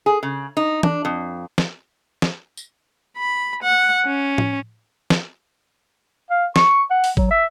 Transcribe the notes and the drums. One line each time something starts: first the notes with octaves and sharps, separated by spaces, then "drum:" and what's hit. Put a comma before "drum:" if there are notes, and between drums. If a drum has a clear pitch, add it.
G#4
C#3
D#4
D4, drum: tom
F2
drum: snare
drum: snare
drum: tambourine
B5
F#5
C#4
drum: tom A2
drum: snare
F5
C#6, drum: snare
F#5
drum: open hi-hat
F#3, drum: kick
E5